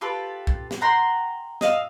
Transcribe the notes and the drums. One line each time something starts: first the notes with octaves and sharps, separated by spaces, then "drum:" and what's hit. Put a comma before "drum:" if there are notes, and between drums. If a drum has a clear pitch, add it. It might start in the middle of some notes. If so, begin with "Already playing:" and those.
F4 G4 A4 B4
drum: kick
drum: snare
F#5 G5 A#5 C6
D#5 F5 E6, drum: snare